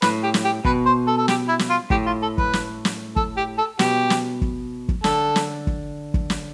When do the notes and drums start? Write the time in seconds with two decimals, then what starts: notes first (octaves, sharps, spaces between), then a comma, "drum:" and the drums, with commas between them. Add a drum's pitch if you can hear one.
0.02 A2 B4, drum: snare
0.23 G4
0.34 drum: snare
0.44 G4
0.65 B2 B4, drum: kick
0.86 C5
1.07 A4
1.18 A4
1.28 G4, drum: snare
1.48 E4
1.59 drum: snare
1.70 F4
1.90 A2 G4, drum: kick
2.06 F4
2.22 A4
2.38 B4, drum: kick
2.53 drum: snare
2.85 drum: snare
3.16 A4, drum: kick
3.37 G4
3.58 A4
3.79 B2 G4, drum: snare
4.10 drum: snare
4.42 drum: kick
4.89 drum: kick
5.04 D3 A4, drum: snare
5.36 drum: snare
5.67 drum: kick
6.14 drum: kick
6.30 drum: snare